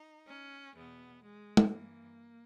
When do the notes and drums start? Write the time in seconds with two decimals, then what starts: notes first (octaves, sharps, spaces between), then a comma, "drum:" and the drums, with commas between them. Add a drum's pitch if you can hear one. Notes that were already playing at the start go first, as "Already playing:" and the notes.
Already playing: D#4
0.28 C#4
0.76 E2 B2 B3
1.24 G#3
1.57 drum: tom G#3
1.72 G2 E3 A#3